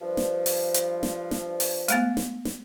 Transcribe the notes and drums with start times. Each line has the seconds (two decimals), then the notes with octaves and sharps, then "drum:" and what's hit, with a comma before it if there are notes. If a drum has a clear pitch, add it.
0.01 G2 F3
0.17 drum: snare
0.46 drum: open hi-hat
0.74 drum: hi-hat
1.03 drum: snare
1.31 drum: snare
1.60 drum: open hi-hat
1.88 G#3 A3 B3, drum: hi-hat
2.17 drum: snare
2.45 drum: snare